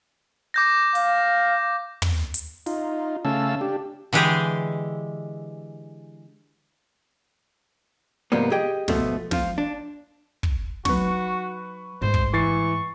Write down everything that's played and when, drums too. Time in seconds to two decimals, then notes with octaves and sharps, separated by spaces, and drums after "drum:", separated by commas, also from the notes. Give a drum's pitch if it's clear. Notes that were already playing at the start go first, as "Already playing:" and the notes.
0.54 D6 G6 A#6
0.95 F5, drum: open hi-hat
2.02 drum: tom
2.34 drum: hi-hat
2.66 D#4 F4, drum: open hi-hat
3.25 C#3 A3 C#4 F5 A5 E6
3.61 D4 G4
4.13 D3 E3 G#3 G4 G#4
8.32 G#2 C3 F3 G3 A#3 B3
8.51 G4 G#4 D#5 G5
8.88 G#2 B2 F3 A3 B3, drum: snare
9.31 F3 F4, drum: snare
9.58 D4
10.43 drum: kick
10.85 F#3 D#4 F#4 B4 C#6, drum: snare
12.02 G#2 A3 C5
12.14 drum: kick
12.33 E3 C#6 A6 C7